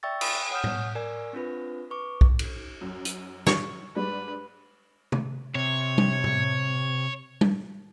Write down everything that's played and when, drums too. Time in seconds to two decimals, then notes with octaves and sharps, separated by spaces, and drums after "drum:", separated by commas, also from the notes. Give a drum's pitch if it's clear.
0.03 D5 E5 G5 C#6 E6 A6
0.21 G5 G#5 B5 D#6, drum: cymbal
0.51 C#5 F#5 G#5 D#6 F6 G6
0.64 drum: tom A2
0.95 A#4 D5 G#5
1.33 C4 D4 F4 B4
1.90 B4 C#6 D6
2.21 drum: kick
2.39 drum: cymbal
2.81 F#2
3.05 drum: hi-hat
3.47 C#5, drum: snare
3.96 G#2 G3 D4 B4
5.12 drum: tom C3
5.55 C3 C#5
5.98 drum: tom G3
6.24 drum: tom A2
7.41 drum: tom G3